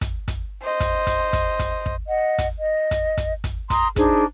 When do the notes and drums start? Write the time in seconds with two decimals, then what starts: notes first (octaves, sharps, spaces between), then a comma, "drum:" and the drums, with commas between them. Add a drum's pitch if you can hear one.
0.01 drum: kick, hi-hat
0.28 drum: kick, hi-hat
0.63 C5 D#5
0.80 drum: kick, hi-hat
1.07 drum: kick, hi-hat
1.33 drum: kick, hi-hat
1.59 drum: kick, hi-hat
1.86 drum: kick
2.07 D#5 F#5
2.38 drum: kick, hi-hat
2.59 D#5
2.91 drum: kick, hi-hat
3.17 drum: kick, hi-hat
3.44 drum: kick, hi-hat
3.70 A#5 C6 D#6, drum: kick, hi-hat
3.96 D4 D#4 G#4 C5, drum: kick, hi-hat